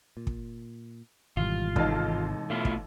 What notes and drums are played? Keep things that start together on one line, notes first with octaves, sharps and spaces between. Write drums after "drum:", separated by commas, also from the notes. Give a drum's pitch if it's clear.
A#2
drum: kick
G#1 B2 E3 G3 F4
A1 C3 G#3 D#4 A5, drum: kick
B2 A3 E4 F4
drum: kick